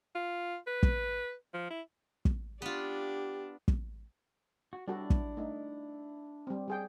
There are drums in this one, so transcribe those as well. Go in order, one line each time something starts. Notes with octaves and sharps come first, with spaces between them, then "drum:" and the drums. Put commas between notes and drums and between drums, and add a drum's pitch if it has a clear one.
F4
B4
drum: kick
F3
E4
drum: kick
B3 D4 F4 G4
drum: kick
F#4
G3 D4 E4 F#4 A4
drum: kick
A3 D#4
G3 C4
G3 G#4 G5